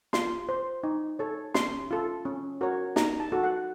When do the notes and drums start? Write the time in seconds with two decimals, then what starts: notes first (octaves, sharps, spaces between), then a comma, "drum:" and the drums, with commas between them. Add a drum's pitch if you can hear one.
0.13 F4 C6, drum: snare
0.49 C5
0.83 D#4
1.19 A4 C#5
1.54 C#4 C6, drum: snare
1.91 F4 A4
2.25 C#4
2.61 F#4 A#4 C#5
2.96 D#4 A#5, drum: snare
3.20 A5
3.32 F#4 A4
3.43 F#5